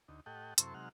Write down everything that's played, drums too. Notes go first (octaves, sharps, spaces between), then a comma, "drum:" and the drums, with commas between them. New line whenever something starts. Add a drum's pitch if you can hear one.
D2 D#4
A2 G4 A4 D#5 F#5 G5
F#2 C3 E4 A4 C5 C#6, drum: hi-hat
C3 F#3 G#3 D#4 F#5 F6